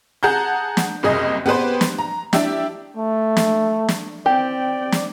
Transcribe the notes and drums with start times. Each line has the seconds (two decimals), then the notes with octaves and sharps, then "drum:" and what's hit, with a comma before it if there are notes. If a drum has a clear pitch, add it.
0.23 G#4 F#5 A5 A#5 G6
0.77 drum: snare
1.03 F#1 C2 G#4 D#5
1.46 B3 G4 G#4 B4 C5
1.81 drum: snare
1.98 A#5
2.33 D4 E4 G4 E5, drum: snare
2.97 A3
3.37 drum: snare
3.89 drum: snare
4.26 C4 G4 D5 G5
4.92 drum: snare